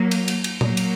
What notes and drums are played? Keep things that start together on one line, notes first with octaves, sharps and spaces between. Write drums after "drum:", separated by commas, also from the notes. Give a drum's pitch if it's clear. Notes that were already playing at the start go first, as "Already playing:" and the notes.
Already playing: F#3 A#3
drum: cymbal
drum: cymbal
drum: cymbal
F#3 A#3, drum: tom A#2
drum: cymbal